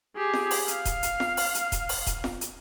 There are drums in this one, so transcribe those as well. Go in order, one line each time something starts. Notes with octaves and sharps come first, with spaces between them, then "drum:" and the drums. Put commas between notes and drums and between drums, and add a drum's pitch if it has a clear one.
G4 G#4
drum: snare F4
drum: open hi-hat
F5, drum: hi-hat
drum: kick D#1, hi-hat
drum: hi-hat
drum: snare F4
drum: open hi-hat
drum: hi-hat
drum: kick D#1, hi-hat
drum: open hi-hat
drum: kick D#1, hi-hat
drum: snare F4
drum: hi-hat